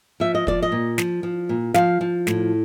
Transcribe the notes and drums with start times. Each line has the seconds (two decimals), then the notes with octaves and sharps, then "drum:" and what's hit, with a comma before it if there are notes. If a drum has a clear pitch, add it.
0.20 F3 E5
0.35 D#5
0.47 F3 D5, drum: kick
0.62 D#5
0.72 A#2
0.98 F3, drum: snare
1.23 F3
1.49 A#2
1.74 F3 F5, drum: snare
2.01 F3
2.27 A2, drum: snare